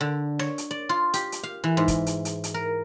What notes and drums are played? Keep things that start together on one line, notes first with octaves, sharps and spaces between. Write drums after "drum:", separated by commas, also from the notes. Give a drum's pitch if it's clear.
D3
C#5, drum: rim click
drum: hi-hat
D5
F4
G4, drum: hi-hat
drum: hi-hat
F5
E3
G#2
drum: kick, hi-hat
drum: hi-hat
drum: hi-hat
drum: hi-hat
A#4